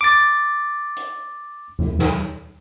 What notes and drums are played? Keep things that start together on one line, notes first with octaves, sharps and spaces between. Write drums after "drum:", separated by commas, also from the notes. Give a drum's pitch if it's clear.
D6 A6
drum: hi-hat
drum: tom E2
drum: snare